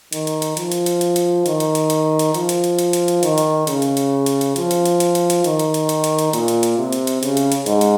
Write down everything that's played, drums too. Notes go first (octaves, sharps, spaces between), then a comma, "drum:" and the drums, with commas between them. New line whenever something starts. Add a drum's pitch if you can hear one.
D#3, drum: hi-hat
drum: hi-hat
drum: hi-hat
F3, drum: hi-hat
drum: hi-hat
drum: hi-hat
drum: hi-hat
drum: hi-hat
D#3, drum: hi-hat
drum: hi-hat
drum: hi-hat
drum: hi-hat
drum: hi-hat
F3, drum: hi-hat
drum: hi-hat
drum: hi-hat
drum: hi-hat
drum: hi-hat
drum: hi-hat
D#3, drum: hi-hat
drum: hi-hat
C#3, drum: hi-hat
drum: hi-hat
drum: hi-hat
drum: hi-hat
drum: hi-hat
F3, drum: hi-hat
drum: hi-hat
drum: hi-hat
drum: hi-hat
drum: hi-hat
drum: hi-hat
D#3, drum: hi-hat
drum: hi-hat
drum: hi-hat
drum: hi-hat
drum: hi-hat
drum: hi-hat
A#2, drum: hi-hat
drum: hi-hat
drum: hi-hat
C3
drum: hi-hat
drum: hi-hat
C#3, drum: hi-hat
drum: hi-hat
drum: hi-hat
G#2, drum: hi-hat
drum: hi-hat